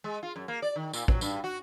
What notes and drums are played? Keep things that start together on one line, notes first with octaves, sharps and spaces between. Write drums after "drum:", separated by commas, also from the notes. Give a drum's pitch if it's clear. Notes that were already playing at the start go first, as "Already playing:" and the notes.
G#3
F4
F#2
A#3
D5
D#3
A#2, drum: tambourine
F#3, drum: kick
G2, drum: tambourine
F#4